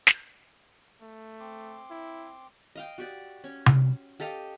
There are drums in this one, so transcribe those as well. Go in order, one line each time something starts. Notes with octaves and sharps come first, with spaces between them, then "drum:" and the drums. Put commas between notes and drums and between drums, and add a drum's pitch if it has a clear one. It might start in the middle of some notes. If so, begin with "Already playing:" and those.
drum: snare
A3
C4 C6 D6
E4
D#5 F5 G5
F#4 G4 D5
C#4
drum: tom C3
G4 A4 D#5 F5